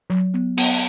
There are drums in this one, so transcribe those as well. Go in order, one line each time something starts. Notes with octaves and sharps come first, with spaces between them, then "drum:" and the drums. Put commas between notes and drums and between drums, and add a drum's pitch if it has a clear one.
F#3
B3
B3, drum: open hi-hat